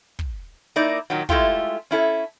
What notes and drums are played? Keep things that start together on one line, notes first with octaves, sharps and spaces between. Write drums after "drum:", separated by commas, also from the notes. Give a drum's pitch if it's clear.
drum: kick
A#3 D#4 E4 D5
A#2 D#3 F#3
G#3 A3 E4 F4 G4, drum: kick
C#4 E4 A4